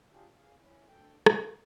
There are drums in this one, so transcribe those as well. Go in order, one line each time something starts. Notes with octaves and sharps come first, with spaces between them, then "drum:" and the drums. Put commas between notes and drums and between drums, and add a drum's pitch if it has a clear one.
D4 F4 G4 G#4
G#4 F5
C#4 E4
D2 A4 G5
A#3, drum: rim click